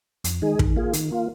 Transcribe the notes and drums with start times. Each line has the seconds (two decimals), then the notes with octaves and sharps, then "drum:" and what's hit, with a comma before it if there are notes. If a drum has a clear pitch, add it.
0.24 F2, drum: hi-hat
0.42 D#3 G#3 D#4 G#4
0.59 D#3, drum: kick
0.76 A#3 F4 G#4
0.93 D#3, drum: hi-hat
1.11 A#3 F4